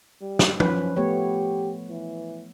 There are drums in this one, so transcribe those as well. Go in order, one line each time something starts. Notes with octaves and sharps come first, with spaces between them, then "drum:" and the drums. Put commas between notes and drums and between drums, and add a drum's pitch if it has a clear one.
G3
drum: snare
F3 C#4 B4, drum: tom
A3 B3 G4 C#5
E3